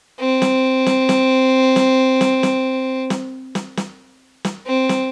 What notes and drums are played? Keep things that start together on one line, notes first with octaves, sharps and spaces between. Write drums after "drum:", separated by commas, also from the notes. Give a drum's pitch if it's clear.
C4
drum: snare
drum: snare
drum: snare
drum: snare
drum: snare
drum: snare
drum: snare
drum: snare
drum: snare
drum: snare
C4
drum: snare